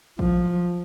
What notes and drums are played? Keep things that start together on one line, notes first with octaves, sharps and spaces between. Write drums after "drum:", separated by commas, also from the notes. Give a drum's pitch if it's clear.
F3, drum: kick A1